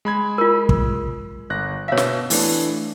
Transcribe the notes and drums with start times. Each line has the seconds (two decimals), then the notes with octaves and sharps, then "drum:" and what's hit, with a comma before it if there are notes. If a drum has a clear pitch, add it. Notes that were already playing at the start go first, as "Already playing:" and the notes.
0.05 G#3 B5 G#6
0.38 F4 A#4
0.69 drum: kick
1.50 G1 F#6 A#6
1.88 B2 C#5 E5 F5
1.97 drum: snare
2.30 E3 A3 D4, drum: open hi-hat